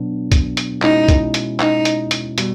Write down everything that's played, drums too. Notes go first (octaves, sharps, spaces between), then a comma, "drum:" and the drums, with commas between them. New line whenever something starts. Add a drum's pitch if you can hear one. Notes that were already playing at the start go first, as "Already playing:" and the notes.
Already playing: B2 F#3 B3 D4
drum: kick C2, hi-hat
drum: hi-hat
B2 G#3 C#4 D#4 E4, drum: clap
drum: kick C2, hi-hat
drum: hi-hat
D#4, drum: clap
drum: hi-hat
drum: hi-hat
B2 G3, drum: hi-hat